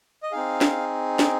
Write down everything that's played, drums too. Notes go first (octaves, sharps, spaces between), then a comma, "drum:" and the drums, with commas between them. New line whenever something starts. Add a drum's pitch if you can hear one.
D#5
C4 D#4 G#4 F5
drum: snare
drum: snare